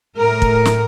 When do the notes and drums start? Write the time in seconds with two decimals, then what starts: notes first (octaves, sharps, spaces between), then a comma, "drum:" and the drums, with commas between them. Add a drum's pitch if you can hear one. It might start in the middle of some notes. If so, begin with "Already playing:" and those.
0.18 A2 A#4
0.42 drum: kick
0.65 drum: snare